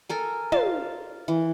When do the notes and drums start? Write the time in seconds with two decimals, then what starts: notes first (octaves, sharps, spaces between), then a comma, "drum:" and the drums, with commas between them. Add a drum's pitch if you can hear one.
0.09 A4 A#4 G#5
0.52 F4 F5 A5, drum: tom
1.28 E3